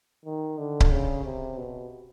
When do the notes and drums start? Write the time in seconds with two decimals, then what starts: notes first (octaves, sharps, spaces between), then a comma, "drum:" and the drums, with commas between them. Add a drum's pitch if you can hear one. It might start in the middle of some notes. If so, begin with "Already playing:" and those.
0.25 D#3
0.58 D3
0.80 drum: kick C#1
0.91 C#3
1.24 C3
1.57 B2